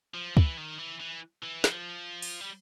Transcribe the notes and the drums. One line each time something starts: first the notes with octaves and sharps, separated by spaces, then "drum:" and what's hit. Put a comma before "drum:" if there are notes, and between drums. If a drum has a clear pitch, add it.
F3
E3, drum: kick
D#3
E3
E3
E3
F3, drum: snare
drum: open hi-hat
G3